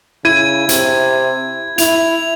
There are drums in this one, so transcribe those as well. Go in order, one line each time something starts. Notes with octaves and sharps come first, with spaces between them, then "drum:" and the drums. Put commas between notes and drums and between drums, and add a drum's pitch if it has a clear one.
C#3 E4 G#6 D#7
C3, drum: hi-hat
E4 F7, drum: hi-hat